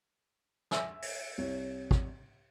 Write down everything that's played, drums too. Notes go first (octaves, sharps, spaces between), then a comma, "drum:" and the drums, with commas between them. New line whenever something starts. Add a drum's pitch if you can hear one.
E5 G#5 E6, drum: snare
drum: open hi-hat
C2 C#5
drum: kick